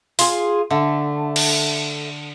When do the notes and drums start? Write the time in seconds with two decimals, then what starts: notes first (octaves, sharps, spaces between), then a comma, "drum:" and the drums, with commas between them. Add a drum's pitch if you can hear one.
0.19 F4 G#4, drum: open hi-hat
0.71 D3 A3
1.36 drum: cymbal